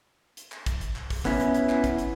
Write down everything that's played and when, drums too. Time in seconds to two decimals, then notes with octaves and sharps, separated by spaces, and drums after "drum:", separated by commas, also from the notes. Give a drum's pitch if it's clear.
0.37 drum: hi-hat
0.52 drum: clap
0.66 drum: kick, hi-hat
0.81 drum: hi-hat
0.96 drum: clap
1.10 drum: kick, open hi-hat
1.25 B3 C#4 E4, drum: clap
1.40 drum: hi-hat
1.54 drum: hi-hat
1.69 drum: clap
1.84 drum: kick, hi-hat
1.98 drum: hi-hat